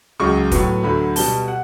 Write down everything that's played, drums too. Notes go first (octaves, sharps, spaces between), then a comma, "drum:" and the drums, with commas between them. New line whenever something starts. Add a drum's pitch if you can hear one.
C#2 C#3 F#3 C#6
A2 F#3 B3, drum: kick, hi-hat
D2 D3 F#3 B5
B2 G3 B3 A5, drum: open hi-hat
F#5